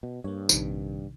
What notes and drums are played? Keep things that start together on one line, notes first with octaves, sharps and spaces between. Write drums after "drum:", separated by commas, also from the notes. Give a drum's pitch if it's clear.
B2
G2 A#3 C#5
A#1 C3 D#3, drum: tambourine